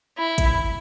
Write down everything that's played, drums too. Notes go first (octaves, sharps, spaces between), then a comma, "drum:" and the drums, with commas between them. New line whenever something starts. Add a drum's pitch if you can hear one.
E4
drum: kick, hi-hat